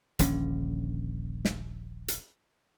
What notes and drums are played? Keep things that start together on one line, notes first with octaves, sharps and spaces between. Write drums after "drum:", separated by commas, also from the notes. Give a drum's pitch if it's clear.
D#1 A#1 D3 C#4, drum: hi-hat
drum: snare
drum: hi-hat